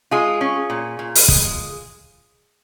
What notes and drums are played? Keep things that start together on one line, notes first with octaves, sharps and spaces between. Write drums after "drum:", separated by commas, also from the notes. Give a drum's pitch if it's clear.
G#3 F4 G#4
C#4
A#2
A#2
drum: open hi-hat
G#3, drum: kick